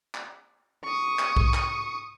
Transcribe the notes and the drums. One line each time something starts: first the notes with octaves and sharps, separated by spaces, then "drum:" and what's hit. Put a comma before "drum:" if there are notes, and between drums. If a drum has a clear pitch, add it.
drum: clap
C#6 D#6
drum: clap
drum: kick B1
drum: clap